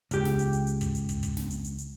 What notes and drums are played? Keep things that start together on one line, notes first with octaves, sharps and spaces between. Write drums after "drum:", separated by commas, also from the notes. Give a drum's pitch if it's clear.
C#2 G4, drum: kick, hi-hat
drum: snare
drum: hi-hat
drum: hi-hat
drum: hi-hat
drum: kick, hi-hat
drum: hi-hat
drum: kick, hi-hat
drum: kick, hi-hat
drum: snare
drum: hi-hat
drum: hi-hat
drum: hi-hat